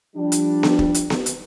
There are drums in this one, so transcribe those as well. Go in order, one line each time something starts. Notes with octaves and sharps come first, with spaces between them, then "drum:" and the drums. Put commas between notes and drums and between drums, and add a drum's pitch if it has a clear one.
F3 G3 D4
drum: hi-hat
drum: snare B3
drum: kick
drum: hi-hat
drum: snare B3
drum: hi-hat